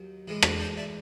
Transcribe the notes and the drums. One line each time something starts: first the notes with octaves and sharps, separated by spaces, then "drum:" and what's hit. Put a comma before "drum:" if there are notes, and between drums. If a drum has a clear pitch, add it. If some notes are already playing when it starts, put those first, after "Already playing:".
Already playing: D#2 D#3 F#3
A2 E3 G#3
drum: rim click
C5 D5
D5 E5